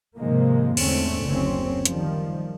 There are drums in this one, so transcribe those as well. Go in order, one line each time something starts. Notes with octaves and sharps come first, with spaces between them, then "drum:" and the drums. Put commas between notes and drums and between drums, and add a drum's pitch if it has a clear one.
G#2 C3 D#3 F3 G#3 A#3
E2 G#2 D3 A3 C4 C#4, drum: cymbal
F#1 D2 C4 C#4
D#3 F3 G3, drum: hi-hat